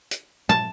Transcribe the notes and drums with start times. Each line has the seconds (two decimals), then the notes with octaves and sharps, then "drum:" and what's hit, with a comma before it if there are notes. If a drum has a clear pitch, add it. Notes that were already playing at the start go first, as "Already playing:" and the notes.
0.11 drum: hi-hat
0.49 A5, drum: tom